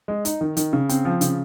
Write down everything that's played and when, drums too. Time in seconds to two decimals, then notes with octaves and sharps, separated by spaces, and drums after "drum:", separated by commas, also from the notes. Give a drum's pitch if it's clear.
0.08 G#3
0.25 D#4, drum: hi-hat
0.41 D#3
0.57 D#3, drum: hi-hat
0.73 C#3
0.89 C4, drum: hi-hat
1.05 F3
1.21 C#3, drum: hi-hat